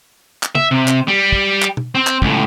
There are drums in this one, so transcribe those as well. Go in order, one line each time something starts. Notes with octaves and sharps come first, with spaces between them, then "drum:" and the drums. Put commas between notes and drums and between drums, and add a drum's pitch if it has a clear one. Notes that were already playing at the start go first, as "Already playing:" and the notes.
drum: clap
E5, drum: tom
C3
drum: clap
G3
drum: kick
drum: clap
drum: tom B2
C4
drum: clap
C#2 A2, drum: kick